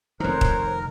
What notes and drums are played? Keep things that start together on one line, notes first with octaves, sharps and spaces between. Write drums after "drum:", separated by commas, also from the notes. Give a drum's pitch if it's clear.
F1 D#3 A#4 C5 C#5 F#6
drum: kick